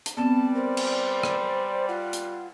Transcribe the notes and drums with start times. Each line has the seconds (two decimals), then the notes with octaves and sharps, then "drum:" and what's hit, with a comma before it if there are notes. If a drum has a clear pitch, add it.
0.06 drum: hi-hat
0.17 G3 B3 C4 B4 D5 A5
0.55 A#4 C5
0.77 drum: cymbal
1.23 drum: rim click
1.89 F4 F#5
2.13 drum: hi-hat